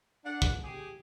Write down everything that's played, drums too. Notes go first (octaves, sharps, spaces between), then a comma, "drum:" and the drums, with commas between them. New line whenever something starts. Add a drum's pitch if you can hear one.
D4 F#5
drum: kick
G4 G#4